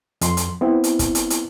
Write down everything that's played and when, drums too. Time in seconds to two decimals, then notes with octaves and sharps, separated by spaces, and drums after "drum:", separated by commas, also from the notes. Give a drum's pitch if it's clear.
0.21 F2 C6, drum: hi-hat
0.37 drum: hi-hat
0.61 B3 C4 E4
0.84 drum: hi-hat
0.99 drum: kick, hi-hat
1.15 drum: hi-hat
1.30 drum: hi-hat